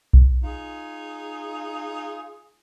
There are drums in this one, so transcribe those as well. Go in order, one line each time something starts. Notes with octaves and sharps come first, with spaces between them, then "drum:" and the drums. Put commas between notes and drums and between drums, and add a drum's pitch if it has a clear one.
drum: kick B1
D#4 F4 G#4